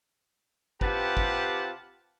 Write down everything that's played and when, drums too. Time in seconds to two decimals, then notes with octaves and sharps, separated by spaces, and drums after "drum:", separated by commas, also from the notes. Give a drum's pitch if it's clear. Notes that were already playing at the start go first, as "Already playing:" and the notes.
0.81 C3 F4 G4 B4 F#5 A5, drum: kick G1
1.17 drum: kick G1